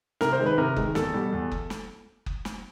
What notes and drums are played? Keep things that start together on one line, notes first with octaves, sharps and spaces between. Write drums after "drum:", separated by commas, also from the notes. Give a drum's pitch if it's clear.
C3 A#4, drum: snare
C5
D#3 G#3
B4
C3 A#4
D#3 G#3, drum: kick F#1
E2 A4, drum: snare
B2 G3
E2
drum: kick F#1
drum: snare
drum: kick F#1
drum: snare